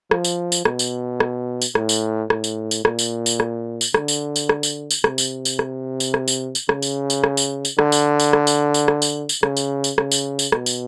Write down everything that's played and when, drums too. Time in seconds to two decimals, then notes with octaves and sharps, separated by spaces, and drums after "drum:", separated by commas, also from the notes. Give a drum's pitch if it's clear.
0.11 F3, drum: rim click
0.24 drum: tambourine
0.52 drum: tambourine
0.65 B2, drum: rim click
0.79 drum: tambourine
1.20 drum: rim click
1.62 drum: tambourine
1.75 A2, drum: rim click
1.89 drum: tambourine
2.30 A2, drum: rim click
2.44 drum: tambourine
2.71 drum: tambourine
2.85 A#2, drum: rim click
2.99 drum: tambourine
3.26 drum: tambourine
3.40 drum: rim click
3.81 drum: tambourine
3.94 D3, drum: rim click
4.08 drum: tambourine
4.36 drum: tambourine
4.49 drum: rim click
4.63 drum: tambourine
4.91 drum: tambourine
5.04 C3, drum: rim click
5.18 drum: tambourine
5.45 drum: tambourine
5.59 drum: rim click
6.00 drum: tambourine
6.14 drum: rim click
6.28 drum: tambourine
6.55 drum: tambourine
6.69 C#3, drum: rim click
6.82 drum: tambourine
7.10 drum: tambourine
7.24 drum: rim click
7.37 drum: tambourine
7.65 drum: tambourine
7.79 D3, drum: rim click
7.92 drum: tambourine
8.20 drum: tambourine
8.33 drum: rim click
8.47 drum: tambourine
8.74 drum: tambourine
8.88 drum: rim click
9.02 drum: tambourine
9.29 drum: tambourine
9.43 C#3, drum: rim click
9.57 drum: tambourine
9.84 drum: tambourine
9.98 C#3, drum: rim click
10.11 drum: tambourine
10.39 drum: tambourine
10.52 B2, drum: rim click
10.66 drum: tambourine